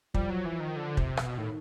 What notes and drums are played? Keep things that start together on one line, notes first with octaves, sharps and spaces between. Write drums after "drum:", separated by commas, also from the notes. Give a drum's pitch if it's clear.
F3 G3, drum: kick
F#3
E3
D#3
D3
C3, drum: kick
B2, drum: rim click
A2 D#3